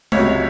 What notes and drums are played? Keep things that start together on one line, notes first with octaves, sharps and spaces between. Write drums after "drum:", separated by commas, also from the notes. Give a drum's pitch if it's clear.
C#2 C3 F#3 C#5, drum: tom G#3